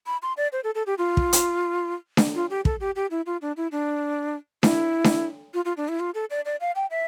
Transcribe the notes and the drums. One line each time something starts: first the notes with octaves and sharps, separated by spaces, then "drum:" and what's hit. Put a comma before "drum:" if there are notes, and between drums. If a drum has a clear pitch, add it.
B5
C6
D5
C5
A4
A4
G4
F4
drum: kick
drum: hi-hat
drum: snare D4
F4
G4
A4, drum: kick
G4
G4
E4
F4
D4
E4
D4
E4, drum: snare D4
drum: snare D4
F4
F4
D4
E4
F4
A4
D5
D5
F5
G5
E5